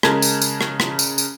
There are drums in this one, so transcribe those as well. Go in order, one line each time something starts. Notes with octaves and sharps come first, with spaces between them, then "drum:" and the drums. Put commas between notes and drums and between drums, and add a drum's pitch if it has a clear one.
C#3 G#3 A#4 A5 G#6, drum: rim click
drum: tambourine
drum: tambourine
drum: rim click
drum: rim click
drum: tambourine
drum: tambourine